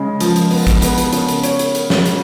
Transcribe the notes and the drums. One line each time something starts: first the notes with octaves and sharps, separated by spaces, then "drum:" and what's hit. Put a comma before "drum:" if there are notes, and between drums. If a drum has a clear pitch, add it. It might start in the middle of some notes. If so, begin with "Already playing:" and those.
Already playing: C#3 G#3
F3, drum: hi-hat
drum: hi-hat
B3, drum: open hi-hat
drum: kick, hi-hat
B3, drum: hi-hat
drum: hi-hat
C#3, drum: hi-hat
drum: hi-hat
C#5, drum: hi-hat
drum: hi-hat
drum: hi-hat
drum: snare
drum: hi-hat